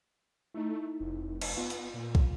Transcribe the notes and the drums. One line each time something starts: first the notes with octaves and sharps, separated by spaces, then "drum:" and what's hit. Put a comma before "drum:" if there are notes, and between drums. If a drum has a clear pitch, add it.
A3 D#4 E4
F1
drum: cymbal
B3 F4
drum: hi-hat
A#2
drum: kick